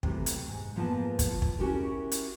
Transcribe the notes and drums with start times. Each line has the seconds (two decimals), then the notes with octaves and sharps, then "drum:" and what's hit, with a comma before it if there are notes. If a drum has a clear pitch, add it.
0.03 C3 E3 F#3 A3, drum: kick
0.26 drum: hi-hat
0.49 G#2
0.76 G#2 F3 A#3 B3 F4 A5
1.19 drum: kick, hi-hat
1.42 drum: kick
1.59 C#4 E4 F#4 G4 A#4
2.12 drum: hi-hat